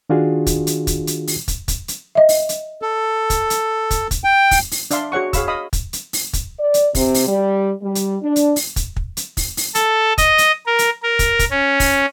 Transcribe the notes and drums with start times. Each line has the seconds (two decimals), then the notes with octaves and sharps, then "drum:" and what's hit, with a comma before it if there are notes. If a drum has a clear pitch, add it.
0.09 D#3 D4 F4 F#4 G#4
0.47 drum: kick, hi-hat
0.67 drum: hi-hat
0.87 drum: kick, hi-hat
1.07 drum: hi-hat
1.27 drum: open hi-hat
1.48 drum: kick, hi-hat
1.68 drum: kick, hi-hat
1.88 drum: hi-hat
2.15 D#5 E5
2.29 drum: open hi-hat
2.49 drum: hi-hat
2.82 A4
3.30 drum: kick, hi-hat
3.50 drum: hi-hat
3.91 drum: kick, hi-hat
4.11 drum: kick, hi-hat
4.24 G5
4.51 drum: kick, open hi-hat
4.71 drum: open hi-hat
4.91 D4 D5 E5 F5 C6, drum: hi-hat
5.12 F#4 G#4 C#5 F#5 C#6
5.33 G#4 C#5 F5 B5 E6, drum: kick, hi-hat
5.48 D#5 F5 B5 D#6
5.73 drum: kick, hi-hat
5.93 drum: hi-hat
6.13 drum: open hi-hat
6.33 drum: kick, hi-hat
6.58 D5
6.74 drum: hi-hat
6.95 C3, drum: kick, open hi-hat
7.14 drum: open hi-hat
7.27 G3
7.82 G3
7.95 drum: hi-hat
8.22 D4
8.36 drum: hi-hat
8.56 drum: open hi-hat
8.76 drum: kick, hi-hat
8.96 drum: kick
9.17 drum: hi-hat
9.37 drum: kick, open hi-hat
9.57 drum: open hi-hat
9.75 A4, drum: hi-hat
10.18 D#5, drum: kick, hi-hat
10.38 drum: hi-hat
10.66 A#4
10.79 drum: hi-hat
11.03 A#4
11.19 drum: kick, hi-hat
11.39 drum: kick, hi-hat
11.51 C#4
11.80 drum: kick, open hi-hat